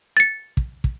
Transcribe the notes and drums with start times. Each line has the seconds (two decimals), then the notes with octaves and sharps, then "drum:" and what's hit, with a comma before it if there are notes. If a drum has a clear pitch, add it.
0.17 A6 C#7
0.57 drum: kick
0.84 drum: kick